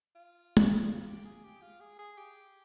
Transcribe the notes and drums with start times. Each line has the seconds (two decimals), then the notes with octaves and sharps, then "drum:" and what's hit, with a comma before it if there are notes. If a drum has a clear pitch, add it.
0.15 F4
0.57 drum: tom
0.89 F4
1.07 G4
1.25 G#4
1.44 G4
1.62 F4
1.80 G#4
1.99 G#4
2.18 G4